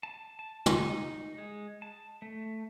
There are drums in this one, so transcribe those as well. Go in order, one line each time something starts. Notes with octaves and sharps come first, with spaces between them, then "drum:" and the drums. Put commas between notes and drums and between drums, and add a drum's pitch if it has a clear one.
A5
A5
D#4, drum: tom
G#3
A5
A3